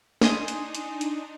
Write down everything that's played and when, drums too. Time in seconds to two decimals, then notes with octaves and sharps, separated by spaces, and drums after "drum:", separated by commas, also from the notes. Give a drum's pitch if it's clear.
0.22 D4 D#4 G#5 C6 D#6, drum: snare
0.48 drum: hi-hat
0.75 drum: hi-hat
1.01 drum: hi-hat